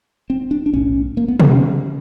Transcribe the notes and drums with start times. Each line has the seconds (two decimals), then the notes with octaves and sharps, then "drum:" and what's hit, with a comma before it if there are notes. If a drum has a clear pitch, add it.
0.30 C4
0.51 D4
0.66 D4
0.74 B1 A2 C#4
1.17 A#3
1.28 B3
1.40 C4, drum: tom
1.51 C#4